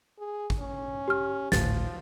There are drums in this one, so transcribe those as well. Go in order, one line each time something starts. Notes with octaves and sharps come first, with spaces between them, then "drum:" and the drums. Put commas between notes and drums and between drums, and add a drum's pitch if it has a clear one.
G#4
drum: kick
C#4
G4 F6
G#1 D2 A2 F3 A6, drum: snare